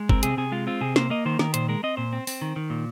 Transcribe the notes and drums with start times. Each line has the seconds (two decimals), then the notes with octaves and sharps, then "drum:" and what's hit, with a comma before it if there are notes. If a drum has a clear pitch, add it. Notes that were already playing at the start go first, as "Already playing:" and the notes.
Already playing: G#3
0.09 C4 A#4, drum: kick
0.23 C3 G#4, drum: hi-hat
0.37 C3 G#4
0.52 G#3 F4
0.67 C4 F4
0.81 C3 G#4
0.96 A#3 C5, drum: snare
1.10 A#3 D#5
1.25 D#3 C5
1.39 D#3 A#4, drum: snare
1.54 A#2 C5, drum: hi-hat
1.69 G#3 A#4
1.83 C4 D#5
1.97 A#2 C5
2.13 C4
2.27 C4, drum: open hi-hat
2.42 D#3
2.56 D#3
2.70 A#2